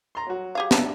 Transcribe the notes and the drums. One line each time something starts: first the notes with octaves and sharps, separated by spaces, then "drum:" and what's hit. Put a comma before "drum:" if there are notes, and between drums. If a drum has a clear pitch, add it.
A#5 C6
F#3 F#4
G4 G#4 F5
D4 D5 E5 A5 A#5, drum: snare